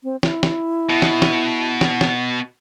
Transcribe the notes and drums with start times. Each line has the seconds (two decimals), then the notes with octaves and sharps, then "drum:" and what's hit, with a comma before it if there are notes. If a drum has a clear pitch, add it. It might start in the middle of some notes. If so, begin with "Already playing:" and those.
0.03 C4
0.23 E4, drum: snare
0.43 drum: snare
0.90 B2
1.02 drum: snare
1.22 drum: snare
1.81 drum: snare
2.01 drum: snare